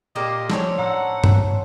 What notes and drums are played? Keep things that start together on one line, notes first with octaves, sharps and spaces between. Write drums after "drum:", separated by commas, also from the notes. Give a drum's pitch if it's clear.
A#2 A#3 G4 D#5
F3 A3 C#4 D4 A4 C5 C#5, drum: snare
A2 F#5 A#5 E6
drum: tom G2